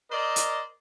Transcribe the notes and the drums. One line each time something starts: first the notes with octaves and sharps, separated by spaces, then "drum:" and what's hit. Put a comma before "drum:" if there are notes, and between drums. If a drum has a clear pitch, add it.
A#4 C5 D5 D#5
drum: hi-hat